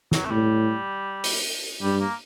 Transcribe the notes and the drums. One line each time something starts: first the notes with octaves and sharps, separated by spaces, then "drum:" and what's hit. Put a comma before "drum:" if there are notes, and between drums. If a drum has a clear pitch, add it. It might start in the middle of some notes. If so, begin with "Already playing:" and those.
F#3, drum: snare
A3
A2 G3
drum: open hi-hat
G2 G3
A#3